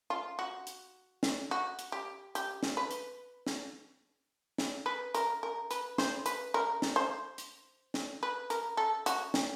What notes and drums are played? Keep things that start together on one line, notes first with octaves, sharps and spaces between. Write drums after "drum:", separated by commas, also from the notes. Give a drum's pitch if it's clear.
F4
F#4
drum: hi-hat
drum: snare
F#4
drum: hi-hat
G4
G4, drum: hi-hat
drum: snare
B4
drum: hi-hat
drum: snare
drum: snare
B4
A#4, drum: hi-hat
A#4
B4, drum: hi-hat
C5, drum: snare
B4, drum: hi-hat
A#4
drum: snare
C5
drum: hi-hat
drum: snare
B4
A#4, drum: hi-hat
A4
F#4, drum: hi-hat
drum: snare